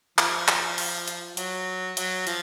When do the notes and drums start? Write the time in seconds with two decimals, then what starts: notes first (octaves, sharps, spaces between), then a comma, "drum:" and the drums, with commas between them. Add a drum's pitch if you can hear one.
0.18 F3, drum: clap
0.48 drum: clap
0.78 drum: open hi-hat
1.08 drum: hi-hat
1.37 F#3, drum: hi-hat
1.97 F#3, drum: hi-hat
2.27 F3, drum: hi-hat